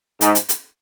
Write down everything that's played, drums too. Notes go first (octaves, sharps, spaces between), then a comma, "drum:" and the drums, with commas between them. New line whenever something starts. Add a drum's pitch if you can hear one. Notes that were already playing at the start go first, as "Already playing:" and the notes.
G#2, drum: hi-hat
drum: hi-hat
drum: hi-hat